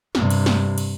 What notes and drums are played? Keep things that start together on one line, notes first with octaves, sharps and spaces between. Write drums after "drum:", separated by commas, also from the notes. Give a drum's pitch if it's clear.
G2 C3, drum: snare
drum: cymbal
drum: snare
drum: cymbal